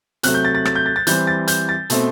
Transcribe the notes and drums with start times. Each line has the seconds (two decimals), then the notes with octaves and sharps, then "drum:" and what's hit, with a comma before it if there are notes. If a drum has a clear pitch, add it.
0.23 C3 F#3 A3 F#6, drum: hi-hat
0.34 G6
0.45 A6
0.55 A6
0.65 A6, drum: rim click
0.75 G6
0.86 A6
0.96 A6
1.07 E3 G3 C4 G6, drum: hi-hat
1.27 A6
1.48 G6, drum: hi-hat
1.69 A6
1.90 B2 A3 C4, drum: hi-hat